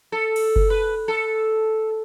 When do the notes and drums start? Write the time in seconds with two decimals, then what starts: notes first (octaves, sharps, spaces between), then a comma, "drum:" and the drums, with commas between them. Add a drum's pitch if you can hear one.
0.12 A4
0.36 drum: cymbal
0.56 drum: kick F#1
0.70 B4
1.08 A4